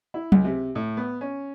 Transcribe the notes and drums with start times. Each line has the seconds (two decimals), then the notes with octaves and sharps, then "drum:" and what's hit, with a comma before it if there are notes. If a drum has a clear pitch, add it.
0.14 E4
0.32 C#2, drum: tom F#3
0.45 C3
0.75 A2
0.97 B3
1.21 C#4